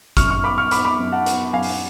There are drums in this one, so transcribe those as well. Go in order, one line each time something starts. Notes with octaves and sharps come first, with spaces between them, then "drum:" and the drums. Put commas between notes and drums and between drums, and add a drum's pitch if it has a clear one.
F#2 C#6 F6, drum: kick G1, hi-hat
C#6 F6
B3 B5 D6
C#6 F6
B3 B5 D6, drum: hi-hat
B5 D6
F#2
F#5 A5
B3, drum: hi-hat
F#2 F5 G#5
drum: open hi-hat